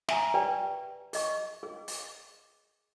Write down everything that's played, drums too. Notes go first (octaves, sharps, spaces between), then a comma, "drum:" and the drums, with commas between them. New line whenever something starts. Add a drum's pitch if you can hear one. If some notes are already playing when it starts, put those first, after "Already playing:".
E5 G#5 A#5, drum: snare
G4 B4 D5 G5 G#5
G#4 D#5 C#6, drum: open hi-hat
G#4
drum: open hi-hat